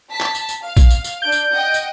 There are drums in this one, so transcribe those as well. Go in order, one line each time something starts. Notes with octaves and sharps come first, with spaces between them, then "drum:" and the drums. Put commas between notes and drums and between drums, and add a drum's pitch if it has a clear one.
A5 B6
drum: clap
drum: tambourine
drum: tambourine
F5
drum: kick A#1, tambourine
drum: tambourine
drum: tambourine
D4 G6 D7
drum: tambourine
D#5 F#5 G5
drum: tambourine